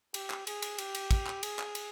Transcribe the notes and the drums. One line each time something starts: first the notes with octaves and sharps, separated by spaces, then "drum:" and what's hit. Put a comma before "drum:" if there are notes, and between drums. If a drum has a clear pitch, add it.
G4, drum: cymbal
drum: clap
G#4, drum: cymbal
drum: cymbal
G4, drum: cymbal
drum: cymbal
drum: kick, cymbal
drum: clap
G#4, drum: cymbal
drum: clap
drum: cymbal